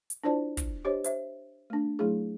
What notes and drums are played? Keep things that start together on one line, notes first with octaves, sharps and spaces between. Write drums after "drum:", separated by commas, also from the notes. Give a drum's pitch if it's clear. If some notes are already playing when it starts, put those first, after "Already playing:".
drum: hi-hat
D4 E4 F4 C5 D5 A5
drum: kick, hi-hat
D4 G4 C5 C#5 D#5
C5 E5, drum: hi-hat
A3 D4
F#3 A3 E4 G#4